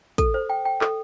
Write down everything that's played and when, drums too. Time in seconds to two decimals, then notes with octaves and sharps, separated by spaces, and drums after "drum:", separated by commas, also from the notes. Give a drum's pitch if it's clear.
0.18 A4, drum: kick, hi-hat
0.34 C5
0.50 G5
0.65 G5
0.81 A4, drum: clap